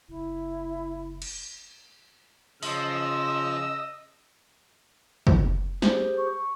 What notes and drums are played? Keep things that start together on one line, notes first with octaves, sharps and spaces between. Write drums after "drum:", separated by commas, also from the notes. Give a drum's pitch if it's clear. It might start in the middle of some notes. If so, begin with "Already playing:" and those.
F#1 E4
drum: cymbal
C#3 F3 D#5 E6, drum: open hi-hat
drum: kick
G4 G#4 C5, drum: snare
C#6